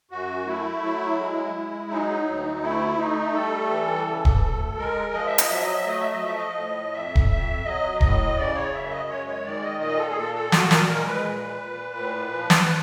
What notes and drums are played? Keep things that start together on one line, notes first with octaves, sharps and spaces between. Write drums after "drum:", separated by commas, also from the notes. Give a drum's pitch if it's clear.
F#2 F#4
A3 E4
F#3
G#3
G#3
F#3 D#4
D2
A3 E4
A3 D#4
G3 A4
E3
C#3
drum: kick
D2
G#3 A#4
F3 D#5
E5
D#5, drum: hi-hat
F#3 E5
D#5
E5
A3 D#5
E5
D#5
F3 E5
D#5
A2
F2 E5
drum: kick
F2 E5
F#3 D#5
A2 D#5, drum: kick
C#3 D5
C#5
F#2 E5
D#5
G#3 C#5
C#5
D#3 D5
D#5
A#2 D#5
A4
G#4
A#2 A4
A4
A#2 F#4, drum: snare
A#4, drum: snare
G#3 A#4
B4
A#2
A#2
A2
F3
drum: snare